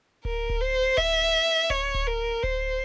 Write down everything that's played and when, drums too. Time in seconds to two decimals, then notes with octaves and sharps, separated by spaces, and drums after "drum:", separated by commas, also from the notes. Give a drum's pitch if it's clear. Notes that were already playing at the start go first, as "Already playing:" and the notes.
0.25 A#4, drum: kick D1
0.50 drum: kick D1
0.61 C5
0.98 E5, drum: kick D1
1.70 C#5, drum: kick D1
1.95 drum: kick D1
2.07 A#4
2.44 C5, drum: kick D1